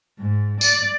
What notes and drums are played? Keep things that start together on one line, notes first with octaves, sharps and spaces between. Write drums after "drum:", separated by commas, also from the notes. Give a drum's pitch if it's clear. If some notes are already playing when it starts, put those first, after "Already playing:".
G#2
D5, drum: tambourine